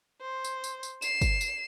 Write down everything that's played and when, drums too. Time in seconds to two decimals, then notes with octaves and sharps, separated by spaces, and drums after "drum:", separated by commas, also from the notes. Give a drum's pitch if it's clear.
0.21 C5
0.44 drum: tambourine
0.64 drum: tambourine
0.83 drum: tambourine
1.02 C7 E7, drum: tambourine
1.21 drum: kick G1, tambourine
1.41 drum: tambourine